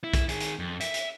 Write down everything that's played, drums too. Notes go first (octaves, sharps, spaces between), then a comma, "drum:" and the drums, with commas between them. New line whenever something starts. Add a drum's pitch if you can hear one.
E4
drum: kick, hi-hat
D#3 G#4, drum: hi-hat
drum: hi-hat
F2
E5, drum: hi-hat
drum: hi-hat